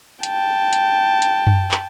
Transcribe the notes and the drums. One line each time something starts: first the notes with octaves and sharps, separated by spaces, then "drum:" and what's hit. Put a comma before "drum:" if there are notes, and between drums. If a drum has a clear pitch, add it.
G5 A5, drum: hi-hat
drum: hi-hat
drum: hi-hat
drum: tom F#2
drum: clap